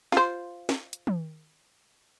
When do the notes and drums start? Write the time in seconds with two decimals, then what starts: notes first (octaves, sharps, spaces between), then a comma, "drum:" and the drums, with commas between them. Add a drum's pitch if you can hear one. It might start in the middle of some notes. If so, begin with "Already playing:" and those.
0.12 F4 C5, drum: snare
0.69 drum: snare
0.93 drum: hi-hat
1.07 drum: tom